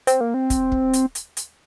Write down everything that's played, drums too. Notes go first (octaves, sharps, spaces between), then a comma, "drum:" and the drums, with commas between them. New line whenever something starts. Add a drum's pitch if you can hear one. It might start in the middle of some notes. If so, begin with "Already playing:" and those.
C4, drum: hi-hat
A#3
C4
drum: kick, hi-hat
drum: kick
drum: hi-hat
drum: hi-hat
drum: hi-hat